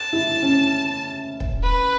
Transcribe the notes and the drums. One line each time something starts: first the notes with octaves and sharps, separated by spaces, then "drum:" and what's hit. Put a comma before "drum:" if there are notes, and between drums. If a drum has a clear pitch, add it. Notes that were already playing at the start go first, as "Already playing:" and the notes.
Already playing: A5
E4
C#4
drum: kick
B4